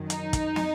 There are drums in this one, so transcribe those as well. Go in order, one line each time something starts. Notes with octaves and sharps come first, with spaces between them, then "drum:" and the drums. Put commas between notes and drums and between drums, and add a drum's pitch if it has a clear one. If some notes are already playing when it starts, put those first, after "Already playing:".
Already playing: F#2 D#3 F#3
D#4, drum: hi-hat
drum: kick, hi-hat
drum: snare